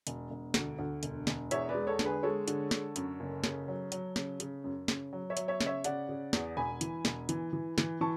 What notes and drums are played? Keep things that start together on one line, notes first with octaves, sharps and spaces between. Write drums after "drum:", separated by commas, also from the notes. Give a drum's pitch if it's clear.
E1, drum: hi-hat
E1
D2, drum: snare
D2
E1, drum: hi-hat
E1, drum: snare
E2 C#5 E5, drum: hi-hat
B4 D5
G#3
A4 C#5
D3, drum: snare
G#4 B4
G#3 A4 C#5
D3, drum: hi-hat
D3, drum: snare
F#2, drum: hi-hat
F#1
C#3, drum: snare
F#3
F#3, drum: hi-hat
C#3, drum: snare
C#3, drum: hi-hat
F#2
C#3, drum: snare
F#3
C#5 E5
F#3, drum: hi-hat
C#5 E5
C#3, drum: snare
C#5 E5
C#3 D5 F#5, drum: hi-hat
C#3
E2, drum: snare
E1 G#5 B5
E3, drum: hi-hat
E1, drum: snare
E3, drum: hi-hat
E3
E3, drum: snare
E3 A5 C#6